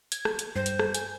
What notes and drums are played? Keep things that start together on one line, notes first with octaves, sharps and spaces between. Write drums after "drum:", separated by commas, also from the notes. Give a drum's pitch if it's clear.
G#6, drum: hi-hat
drum: rim click
drum: hi-hat
G2 C5
drum: hi-hat
drum: rim click
G#5, drum: hi-hat